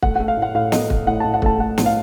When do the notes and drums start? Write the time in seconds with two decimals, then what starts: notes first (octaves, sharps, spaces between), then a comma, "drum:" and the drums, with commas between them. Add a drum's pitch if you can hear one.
0.03 A3 F#5, drum: kick
0.16 F#5
0.20 A3
0.28 F5
0.37 A2
0.42 F#5
0.55 A2 F5
0.72 A3 D#5, drum: snare
0.90 A3, drum: kick
1.07 A2 F#5
1.20 A2 A5
1.34 F#5
1.42 A3 A5, drum: kick
1.59 A3 F#5
1.78 A2, drum: snare
1.86 F5